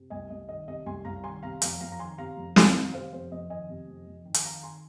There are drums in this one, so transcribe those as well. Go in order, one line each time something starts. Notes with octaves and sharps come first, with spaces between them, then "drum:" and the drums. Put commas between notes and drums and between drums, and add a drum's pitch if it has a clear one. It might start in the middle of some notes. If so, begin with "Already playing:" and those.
Already playing: C3
C2 D#5 G#5
C2 D#5
D#3 D#5
C3 D#5
C2 G#5 C6
C2 F5 A#5
D#3 G#5 C6
C3 F5 A#5
F2 F5 A#5, drum: hi-hat
F2 F5 A#5
A#5
D#3 G#5 C6
C3 F5 A#5
F2
F2, drum: snare
D#3
C3 C5 F5
F2 C5
F2 D#5
D#3 D#5 G#5
C3
F2
F2
D#3
drum: hi-hat
D#3 F5 A#5
D#3 G#5 C6